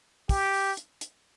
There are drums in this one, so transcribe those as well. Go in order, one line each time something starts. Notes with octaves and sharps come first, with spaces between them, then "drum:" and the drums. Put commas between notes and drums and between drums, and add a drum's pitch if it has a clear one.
G4, drum: kick, open hi-hat
drum: open hi-hat
drum: hi-hat
drum: hi-hat